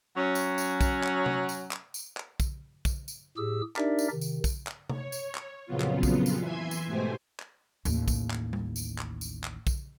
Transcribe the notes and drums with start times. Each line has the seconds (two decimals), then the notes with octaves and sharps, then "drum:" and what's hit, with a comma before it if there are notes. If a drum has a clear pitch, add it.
0.15 F#3 C#4
0.35 drum: tambourine
0.58 drum: tambourine
0.81 drum: kick, tambourine
1.03 drum: clap
1.26 drum: tom C3
1.49 drum: tambourine
1.71 drum: clap
1.94 drum: tambourine
2.17 drum: clap
2.40 drum: kick, tambourine
2.85 drum: kick, tambourine
3.08 drum: tambourine
3.37 A2 G4 G#4 E6
3.76 D4 D#4 G4 A#4 D5 E5, drum: clap
3.99 drum: tambourine
4.12 C3 D#3
4.21 drum: tambourine
4.44 drum: kick, tambourine
4.67 drum: clap
4.90 C#5, drum: tom C3
5.12 drum: tambourine
5.35 drum: clap
5.66 F2 A#2 C#3 F#3 B3 F4
5.80 drum: clap
6.03 drum: kick, tambourine
6.26 drum: tambourine
6.40 E3 E5 G#5 C6 G#6
6.71 drum: tambourine
6.87 G#2 B2 A3 G4 C5 G#5
7.39 drum: clap
7.85 A1 D#2, drum: tambourine
8.08 drum: kick, tambourine
8.30 drum: clap
8.53 drum: tom G3
8.76 drum: tambourine
8.98 drum: clap
9.21 drum: tambourine
9.44 drum: clap
9.67 drum: kick, tambourine